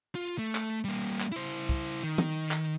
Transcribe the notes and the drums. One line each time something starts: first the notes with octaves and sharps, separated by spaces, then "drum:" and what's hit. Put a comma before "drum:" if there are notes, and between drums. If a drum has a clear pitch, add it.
F4
A3
drum: clap
G3 A#3
drum: clap
E4 C5
drum: tambourine
drum: kick
drum: tambourine
D#3
drum: tom D#3
drum: clap